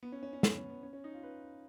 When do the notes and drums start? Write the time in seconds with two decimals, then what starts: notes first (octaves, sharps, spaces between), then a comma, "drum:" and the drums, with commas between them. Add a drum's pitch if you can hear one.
0.03 B3
0.12 C#4
0.23 C#4
0.33 C#4
0.43 B3, drum: snare
0.57 C#4
0.69 B3
0.83 C#4
0.93 C#4
1.04 D#4
1.14 F4
1.23 B4